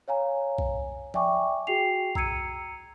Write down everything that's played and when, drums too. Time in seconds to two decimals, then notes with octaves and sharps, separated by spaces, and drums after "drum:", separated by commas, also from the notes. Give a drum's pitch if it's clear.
0.08 C#5 F5 G#5 A#5
0.58 drum: kick B1
1.14 D5 E5 G5 G#5 C#6 D6, drum: tom F3
1.67 F#4 G#4 G5 C7 F7
2.15 A#5 E6 G#6 C#7 D#7, drum: kick B1